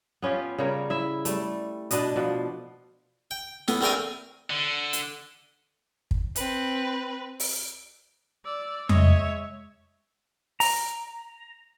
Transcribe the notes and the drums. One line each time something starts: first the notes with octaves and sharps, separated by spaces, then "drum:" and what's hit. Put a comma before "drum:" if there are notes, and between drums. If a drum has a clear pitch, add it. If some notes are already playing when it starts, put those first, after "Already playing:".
B3 C#4 F4 G4
C#3 G3 A#4 C#5
E4 E5
G3 A3, drum: hi-hat
B2 D4 B4 D#5, drum: hi-hat
B2 F3 D4
G5
A2 B3, drum: snare
A#1 A3 C4 A#4 G5 G#5
D3
drum: hi-hat
drum: kick
C4 B4, drum: hi-hat
drum: open hi-hat
D5 E6
G#3 C#5 D#5 E5, drum: tom F2
A#5, drum: open hi-hat